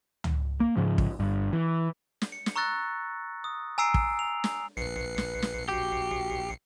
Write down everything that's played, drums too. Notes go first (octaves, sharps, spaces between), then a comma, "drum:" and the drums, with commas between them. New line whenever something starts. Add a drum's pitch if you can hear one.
drum: tom C#2
A#3
G#2 C#3 F3
drum: kick
G1 G2
E3
drum: snare
C#7
drum: snare
A#5 C#6 E6 F#6 A6 A#6
D#6
G#5 A#5 E6 C7 D7
drum: kick
F7
drum: snare
A#1 B4 C7 C#7
drum: snare
drum: snare
F#4 G4